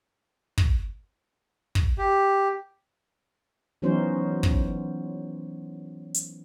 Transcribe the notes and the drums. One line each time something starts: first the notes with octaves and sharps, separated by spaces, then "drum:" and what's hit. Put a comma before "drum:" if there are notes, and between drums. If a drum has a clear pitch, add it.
drum: kick
drum: kick
G4
E3 F#3 B3 C#4 D#4 C5
drum: kick
drum: hi-hat